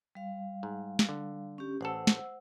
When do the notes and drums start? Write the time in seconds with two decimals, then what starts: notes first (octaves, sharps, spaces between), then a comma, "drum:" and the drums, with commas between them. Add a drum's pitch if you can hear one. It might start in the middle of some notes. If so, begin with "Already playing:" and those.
0.15 G3 F5
0.63 G#2
0.99 drum: snare
1.09 D3
1.58 C#4 G4
1.81 A1 A4 C5 F#5 E6
2.07 drum: snare